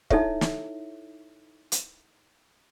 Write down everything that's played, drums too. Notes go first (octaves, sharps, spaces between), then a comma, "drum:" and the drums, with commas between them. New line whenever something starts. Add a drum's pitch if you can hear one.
D#4 E4 A4 C#5 E5, drum: kick
drum: snare
drum: hi-hat